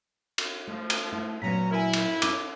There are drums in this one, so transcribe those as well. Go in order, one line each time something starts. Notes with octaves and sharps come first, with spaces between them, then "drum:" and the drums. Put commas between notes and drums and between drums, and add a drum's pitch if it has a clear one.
drum: cymbal
F3 A3
drum: cymbal
A3 E4 C5
A#2 F#3 B3 C#4 A#5 B6
E4 A#4 E5 G#5
drum: cymbal
C#4 D#4 D6, drum: cymbal